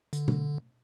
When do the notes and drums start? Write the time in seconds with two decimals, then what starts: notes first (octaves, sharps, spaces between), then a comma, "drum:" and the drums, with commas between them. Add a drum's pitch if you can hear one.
0.13 D3, drum: hi-hat
0.28 drum: tom B2